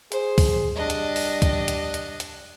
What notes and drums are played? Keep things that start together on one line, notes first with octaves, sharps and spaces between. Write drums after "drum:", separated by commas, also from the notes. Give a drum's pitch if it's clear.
G#4 C5, drum: hi-hat
drum: kick, open hi-hat
G3 D4 D#5
drum: hi-hat
drum: open hi-hat
drum: kick, hi-hat
drum: hi-hat
drum: hi-hat
drum: hi-hat